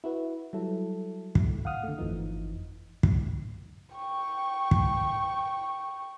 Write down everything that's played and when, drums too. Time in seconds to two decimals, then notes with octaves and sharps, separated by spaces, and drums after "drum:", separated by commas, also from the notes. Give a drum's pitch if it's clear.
0.04 E4 F#4 B4
0.53 F#3 G3 E4 A4
1.35 drum: kick
1.65 F5 F#5 D#6 F6
1.83 D3 A3
1.98 G1 F2 E3 F3 D#4
3.03 drum: kick
3.95 G5 C#6
4.71 drum: kick